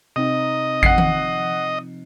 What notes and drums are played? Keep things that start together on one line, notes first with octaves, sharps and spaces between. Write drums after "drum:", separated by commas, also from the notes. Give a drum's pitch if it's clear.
C3 C4 D#4 D#5
F3 F#5 C7, drum: kick G#1
drum: tom D#3